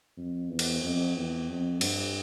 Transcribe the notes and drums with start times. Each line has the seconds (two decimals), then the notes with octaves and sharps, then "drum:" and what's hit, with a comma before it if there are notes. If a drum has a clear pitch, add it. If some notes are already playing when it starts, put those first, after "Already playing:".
0.17 F2
0.50 E2
0.59 drum: cymbal
0.83 F2
1.15 E2
1.48 F2
1.81 G2, drum: cymbal